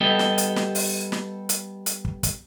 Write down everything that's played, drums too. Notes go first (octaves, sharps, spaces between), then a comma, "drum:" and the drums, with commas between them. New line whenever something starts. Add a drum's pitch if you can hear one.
G3 B3 G4 A4 D#5
drum: snare
drum: hi-hat
drum: snare
drum: open hi-hat
drum: snare
drum: hi-hat
drum: hi-hat
drum: kick
drum: kick, hi-hat